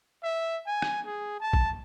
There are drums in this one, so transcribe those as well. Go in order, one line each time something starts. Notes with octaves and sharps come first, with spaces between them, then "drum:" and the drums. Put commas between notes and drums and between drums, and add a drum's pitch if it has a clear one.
E5
G#5
drum: rim click
G#4
A5
drum: kick